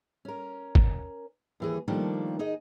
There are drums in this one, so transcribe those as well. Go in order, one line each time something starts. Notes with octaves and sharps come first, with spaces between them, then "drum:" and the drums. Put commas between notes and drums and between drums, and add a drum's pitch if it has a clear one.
C#4 A#4
drum: kick
D#2 E3 G#4
D#3 F3 G3 A3 A#3 D4
D#4 G#4 D#5